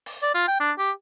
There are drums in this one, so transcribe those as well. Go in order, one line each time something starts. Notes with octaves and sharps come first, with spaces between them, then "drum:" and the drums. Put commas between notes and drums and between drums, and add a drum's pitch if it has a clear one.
drum: open hi-hat
D5
F4
G5
D4
G4